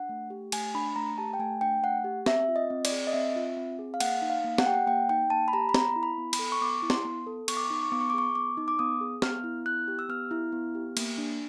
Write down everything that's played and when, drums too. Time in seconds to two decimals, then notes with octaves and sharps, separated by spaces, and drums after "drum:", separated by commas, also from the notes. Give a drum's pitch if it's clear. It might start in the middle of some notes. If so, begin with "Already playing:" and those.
Already playing: D4 F#5
0.09 A3
0.30 G4
0.52 A3 G#5, drum: cymbal
0.75 D4 B5
0.96 A3 A#5
1.18 G4 A5
1.33 G5
1.39 A3 G#5
1.61 D4 G5
1.83 A3 F#5
2.04 G4
2.26 C4 E5, drum: snare
2.49 F4
2.56 D#5
2.70 C4
2.85 D5, drum: cymbal
2.92 G#4
3.07 D#5
3.13 C4 E5
3.36 F4
3.57 C4
3.79 G#4
3.94 F5
4.00 A#3 F#5, drum: cymbal
4.22 D#4
4.30 F5
4.44 A#3
4.58 F#5, drum: snare
4.66 G4 G5
4.74 F#5
4.87 A#3 G5
5.09 D#4 G5
5.30 A#3 A5
5.48 B5
5.53 G4 A#5
5.69 B5
5.74 B3 A#5, drum: snare
5.96 E4
6.03 B5
6.18 B3
6.33 B5, drum: cymbal
6.39 A4
6.52 C#6
6.61 B3 D6
6.83 E4
6.90 C6, drum: snare
7.05 B3
7.27 A4
7.48 B3 C#6, drum: cymbal
7.57 D6
7.66 C#6
7.70 D#4 D6
7.83 C#6
7.92 B3 D6
8.01 C#6
8.10 D6
8.14 G#4 C#6
8.35 B3 D6
8.57 D#4
8.68 D6
8.79 B3 D#6
9.01 G#4
9.22 B3 F6, drum: snare
9.44 E4
9.66 B3 F#6
9.88 G4
9.99 E6
10.09 B3 F6
10.31 E4
10.52 B3
10.75 G4
10.97 A#3, drum: cymbal
11.18 D4